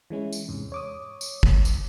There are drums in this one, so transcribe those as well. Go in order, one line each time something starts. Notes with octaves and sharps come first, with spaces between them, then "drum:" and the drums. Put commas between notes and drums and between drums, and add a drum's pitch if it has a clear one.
E3 G#3 C#4 E4
drum: tambourine
E2 G#2 C3
C#5 D6 D#6
drum: tambourine
drum: kick
drum: tambourine